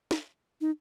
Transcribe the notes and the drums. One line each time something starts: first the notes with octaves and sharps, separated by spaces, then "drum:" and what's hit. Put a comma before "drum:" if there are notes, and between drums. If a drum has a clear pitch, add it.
drum: snare
D#4